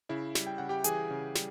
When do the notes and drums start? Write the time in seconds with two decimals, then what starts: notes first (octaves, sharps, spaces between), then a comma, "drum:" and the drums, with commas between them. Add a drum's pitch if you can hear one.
0.09 C#3 E4 E5
0.35 G3, drum: snare
0.47 G5
0.58 C#3 F#5
0.69 G4 G5
0.84 E3 G#4 G#5, drum: hi-hat
1.11 C#3
1.35 G3, drum: snare